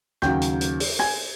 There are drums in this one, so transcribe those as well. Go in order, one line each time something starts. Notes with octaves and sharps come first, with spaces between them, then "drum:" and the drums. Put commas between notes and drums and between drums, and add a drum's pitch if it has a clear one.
D#2 C#3 F#3 G5 G6, drum: rim click
drum: hi-hat
drum: hi-hat
drum: open hi-hat
G#5 G#6, drum: rim click